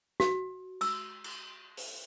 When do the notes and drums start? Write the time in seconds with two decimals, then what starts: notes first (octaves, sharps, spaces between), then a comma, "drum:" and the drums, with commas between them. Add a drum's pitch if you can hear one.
0.20 F#4, drum: snare
0.81 E6, drum: cymbal
1.24 drum: cymbal
1.77 drum: open hi-hat